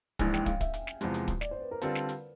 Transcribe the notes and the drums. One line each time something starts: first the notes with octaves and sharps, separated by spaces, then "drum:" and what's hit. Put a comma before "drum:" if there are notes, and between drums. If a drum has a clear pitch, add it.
A#1 G#2 E3 G#3 G#5, drum: kick, hi-hat
G5, drum: snare
F5, drum: kick, hi-hat
E5, drum: kick, hi-hat
drum: hi-hat
drum: snare
E2 C3 F3 G#3, drum: hi-hat
drum: hi-hat
drum: kick, hi-hat
D5, drum: snare
C5
B4
A#4
D3 G3 C4 F4 A4 B4, drum: hi-hat
drum: snare
drum: hi-hat